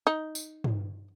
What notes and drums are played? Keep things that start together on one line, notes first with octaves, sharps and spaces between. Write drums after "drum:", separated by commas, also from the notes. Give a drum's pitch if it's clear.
D#4
drum: tambourine
drum: tom